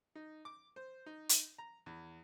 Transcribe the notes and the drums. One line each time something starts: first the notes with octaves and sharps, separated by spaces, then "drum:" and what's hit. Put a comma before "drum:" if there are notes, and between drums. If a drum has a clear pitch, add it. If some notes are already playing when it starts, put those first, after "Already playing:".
D#4
D6
C5
D#4
drum: hi-hat
A#5
E2